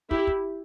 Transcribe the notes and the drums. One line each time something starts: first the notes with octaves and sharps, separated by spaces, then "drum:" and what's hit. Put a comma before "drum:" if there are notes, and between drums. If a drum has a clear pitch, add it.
E4 G4, drum: kick
drum: kick